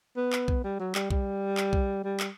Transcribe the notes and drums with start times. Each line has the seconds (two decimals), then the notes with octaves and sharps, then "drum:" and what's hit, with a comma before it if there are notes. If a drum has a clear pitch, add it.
0.17 B3
0.33 drum: clap
0.48 drum: kick
0.64 G3
0.80 F#3
0.95 G3, drum: clap
1.10 G3, drum: kick
1.57 drum: clap
1.73 drum: kick
2.04 G3
2.20 drum: clap